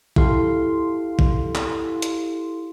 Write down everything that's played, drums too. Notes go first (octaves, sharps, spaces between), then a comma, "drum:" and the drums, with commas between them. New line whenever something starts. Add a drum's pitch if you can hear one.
E4 G4 A4 F5 C6, drum: kick
drum: kick
drum: clap
drum: hi-hat